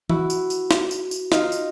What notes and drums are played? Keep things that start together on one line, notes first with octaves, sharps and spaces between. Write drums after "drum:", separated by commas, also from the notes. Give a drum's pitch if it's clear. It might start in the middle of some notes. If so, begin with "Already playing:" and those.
E4 F#4, drum: tom E3
drum: tambourine
drum: tambourine
drum: snare
drum: tambourine
drum: tambourine
D#4 F4, drum: snare
drum: tambourine